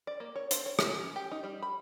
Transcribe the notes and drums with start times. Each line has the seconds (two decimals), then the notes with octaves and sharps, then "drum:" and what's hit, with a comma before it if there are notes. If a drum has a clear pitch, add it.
0.07 D5
0.20 A#3
0.36 C#5
0.51 C5, drum: hi-hat
0.66 C#5
0.79 G#4, drum: rim click
1.01 C#4
1.16 G4
1.32 D#4
1.44 G3
1.62 B5